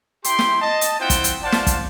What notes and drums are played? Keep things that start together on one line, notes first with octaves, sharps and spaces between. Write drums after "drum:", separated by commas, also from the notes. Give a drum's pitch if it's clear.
E4 G4 G5 C6, drum: hi-hat
drum: snare
D#5 A5
drum: hi-hat
C4 E4 F4 C5 F#5 G5
drum: kick, hi-hat
drum: hi-hat
C5 D5 F5 F#5 A5
drum: snare
drum: kick, hi-hat